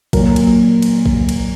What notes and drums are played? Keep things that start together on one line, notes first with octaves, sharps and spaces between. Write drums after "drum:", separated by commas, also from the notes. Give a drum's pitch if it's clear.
A#2 F#3 A#4, drum: kick A1, cymbal
drum: cymbal
drum: cymbal
drum: kick A1
drum: cymbal